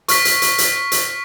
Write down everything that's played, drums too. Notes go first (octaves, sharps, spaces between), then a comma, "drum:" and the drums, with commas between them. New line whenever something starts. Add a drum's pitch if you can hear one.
C#6 F6 B6, drum: hi-hat
drum: hi-hat
drum: hi-hat
drum: hi-hat
drum: hi-hat